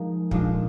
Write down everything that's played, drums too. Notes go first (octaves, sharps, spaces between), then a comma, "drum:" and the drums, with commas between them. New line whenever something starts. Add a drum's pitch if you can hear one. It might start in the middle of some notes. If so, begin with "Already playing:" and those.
Already playing: F3 G#3 D#4 A#4
A#2 F3 G#3 D4 F4, drum: kick